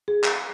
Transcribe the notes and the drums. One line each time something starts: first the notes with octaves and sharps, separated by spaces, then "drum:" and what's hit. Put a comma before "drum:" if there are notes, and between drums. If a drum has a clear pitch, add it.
G#4
drum: clap